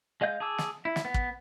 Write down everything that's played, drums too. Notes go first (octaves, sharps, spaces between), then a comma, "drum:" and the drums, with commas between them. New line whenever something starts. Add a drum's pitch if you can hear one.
G#3 D#5 F5 G6
G#4 A5 D6 E6
drum: snare
E4
drum: snare
B3
drum: kick